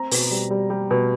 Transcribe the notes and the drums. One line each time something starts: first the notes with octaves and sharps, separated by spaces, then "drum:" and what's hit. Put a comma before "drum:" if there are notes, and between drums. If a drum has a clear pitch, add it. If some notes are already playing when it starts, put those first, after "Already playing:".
Already playing: C4 A#5
B2, drum: open hi-hat
G3
G3
G3
B2